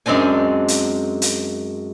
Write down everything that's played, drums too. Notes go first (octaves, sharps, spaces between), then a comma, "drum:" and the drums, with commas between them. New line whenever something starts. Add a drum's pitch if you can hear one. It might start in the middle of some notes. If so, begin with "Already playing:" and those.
F#2 G#3 C4 D4 G#5
drum: hi-hat
drum: hi-hat